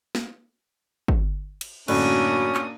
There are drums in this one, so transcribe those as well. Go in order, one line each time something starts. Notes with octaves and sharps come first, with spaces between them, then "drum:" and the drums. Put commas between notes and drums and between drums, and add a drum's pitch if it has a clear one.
drum: snare
drum: kick
drum: cymbal
F#2 A2 D3 A#3 C#4 D4 F#4 D#6, drum: cymbal
drum: clap